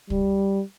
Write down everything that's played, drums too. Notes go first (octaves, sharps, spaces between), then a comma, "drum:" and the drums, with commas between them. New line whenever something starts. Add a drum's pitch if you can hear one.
G3, drum: kick